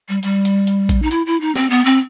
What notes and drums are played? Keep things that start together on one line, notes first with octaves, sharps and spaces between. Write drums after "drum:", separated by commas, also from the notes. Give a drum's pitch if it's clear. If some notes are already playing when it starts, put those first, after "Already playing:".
G3
G3, drum: hi-hat
drum: hi-hat
drum: hi-hat
drum: kick A#1, hi-hat
D#4
E4, drum: hi-hat
E4
D#4
C4, drum: snare
B3
C4